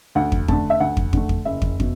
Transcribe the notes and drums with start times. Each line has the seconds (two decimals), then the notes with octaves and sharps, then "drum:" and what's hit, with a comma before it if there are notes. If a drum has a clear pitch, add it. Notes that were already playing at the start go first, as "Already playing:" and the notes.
0.15 D2 F#5
0.32 drum: kick
0.48 D3 A3 A5, drum: kick
0.70 E5
0.80 D2 F#5
0.97 drum: kick
1.13 D3 A3, drum: kick
1.29 drum: kick
1.45 F#1 E5
1.62 drum: kick
1.80 B2, drum: kick